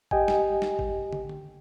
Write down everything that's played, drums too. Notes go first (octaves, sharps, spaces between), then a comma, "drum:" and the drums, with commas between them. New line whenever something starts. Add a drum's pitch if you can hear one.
G4 D#5 G5 G#5, drum: kick G#1
drum: snare
drum: snare
drum: kick G#1
drum: tom
drum: tom D3